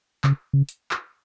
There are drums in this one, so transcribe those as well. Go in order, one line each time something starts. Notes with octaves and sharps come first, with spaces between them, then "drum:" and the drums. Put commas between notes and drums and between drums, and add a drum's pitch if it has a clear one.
C#3, drum: clap
C#3
drum: hi-hat
drum: clap